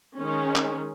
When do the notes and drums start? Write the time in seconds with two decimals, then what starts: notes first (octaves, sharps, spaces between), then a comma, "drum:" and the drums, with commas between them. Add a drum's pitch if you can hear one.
0.17 D#3 G#3 C#4
0.56 drum: clap